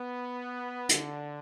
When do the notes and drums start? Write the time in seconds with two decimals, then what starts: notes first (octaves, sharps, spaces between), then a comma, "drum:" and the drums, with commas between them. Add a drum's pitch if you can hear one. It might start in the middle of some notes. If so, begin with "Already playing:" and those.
Already playing: B3
0.89 D3, drum: hi-hat